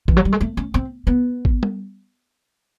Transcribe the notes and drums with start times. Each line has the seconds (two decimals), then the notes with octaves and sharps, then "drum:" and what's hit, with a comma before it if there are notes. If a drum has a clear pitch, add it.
0.08 E3, drum: kick G#1
0.17 F#3
0.25 G3
0.32 G#3
0.41 A3
0.57 C#4
0.74 C4
1.07 B3
1.45 drum: kick G#1
1.63 drum: tom G3